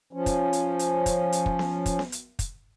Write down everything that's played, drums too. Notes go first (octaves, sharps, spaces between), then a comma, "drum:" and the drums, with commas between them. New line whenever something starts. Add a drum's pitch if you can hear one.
F3 C#4
drum: kick, hi-hat
drum: hi-hat
drum: hi-hat
drum: kick, hi-hat
drum: hi-hat
drum: kick
drum: snare B3
drum: kick, hi-hat
drum: snare B3
drum: hi-hat
drum: kick, hi-hat